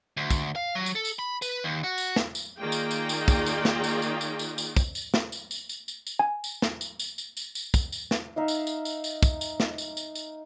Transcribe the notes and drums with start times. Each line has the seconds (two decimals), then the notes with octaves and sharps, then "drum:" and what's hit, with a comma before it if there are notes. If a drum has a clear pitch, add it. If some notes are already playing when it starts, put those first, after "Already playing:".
0.17 D2
0.30 drum: kick, tambourine
0.56 F5
0.75 F#3
0.86 drum: tambourine
0.95 A4
1.05 drum: tambourine
1.19 B5
1.42 B4, drum: tambourine
1.64 D#2
1.84 F#4
1.98 drum: tambourine
2.16 drum: snare
2.35 drum: tambourine
2.59 D#3 A#3 F4 G#4 D5 G5
2.72 drum: tambourine
2.91 drum: tambourine
3.09 drum: tambourine
3.28 drum: kick, tambourine
3.46 drum: tambourine
3.65 drum: snare
3.84 drum: tambourine
4.02 drum: tambourine
4.21 drum: tambourine
4.39 drum: tambourine
4.58 drum: tambourine
4.76 drum: kick, tambourine
4.95 drum: tambourine
5.14 drum: snare
5.32 drum: tambourine
5.51 drum: tambourine
5.69 drum: tambourine
5.88 drum: tambourine
6.07 drum: tambourine
6.19 G#5
6.44 drum: tambourine
6.62 drum: snare
6.81 drum: tambourine
7.00 drum: tambourine
7.18 drum: tambourine
7.37 drum: tambourine
7.55 drum: tambourine
7.74 drum: kick, tambourine
7.92 drum: tambourine
8.11 drum: snare
8.36 D#4 E5 F5
8.48 drum: tambourine
8.67 drum: tambourine
8.85 drum: tambourine
9.04 drum: tambourine
9.23 drum: kick, tambourine
9.41 drum: tambourine
9.60 drum: snare
9.78 drum: tambourine
9.97 drum: tambourine
10.15 drum: tambourine